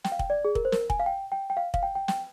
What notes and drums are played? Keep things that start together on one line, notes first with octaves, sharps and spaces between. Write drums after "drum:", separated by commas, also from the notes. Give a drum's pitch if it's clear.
G5, drum: snare
F5
G5, drum: kick
D5
G#4
A#4, drum: kick
C5
A#4, drum: snare
G#5, drum: kick
F5
G5
G5
G5
F5
F5, drum: kick
G5
G5
G5, drum: snare